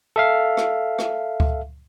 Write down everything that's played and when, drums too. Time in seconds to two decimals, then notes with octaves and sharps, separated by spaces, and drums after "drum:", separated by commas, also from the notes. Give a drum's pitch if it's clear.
0.16 A4 E5 F5
0.57 drum: rim click
0.99 drum: rim click
1.40 drum: kick C#2